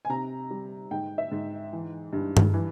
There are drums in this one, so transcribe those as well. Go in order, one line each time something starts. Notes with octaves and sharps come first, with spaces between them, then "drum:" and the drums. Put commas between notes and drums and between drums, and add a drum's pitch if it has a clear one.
G#5
C3 A#5
G3
G#2 G5
E5
G#2
E3
G2
drum: tom G2
E3